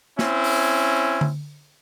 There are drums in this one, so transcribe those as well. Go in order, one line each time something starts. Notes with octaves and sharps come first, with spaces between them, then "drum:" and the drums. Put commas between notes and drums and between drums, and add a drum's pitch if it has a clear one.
C4 C#4 E4, drum: snare
drum: open hi-hat
drum: tom D3